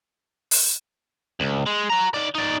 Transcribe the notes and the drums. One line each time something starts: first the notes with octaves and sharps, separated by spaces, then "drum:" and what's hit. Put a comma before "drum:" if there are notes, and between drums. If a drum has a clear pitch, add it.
drum: open hi-hat
C#2
G#3
F#4 A#5
D#3 D5
D#4 D5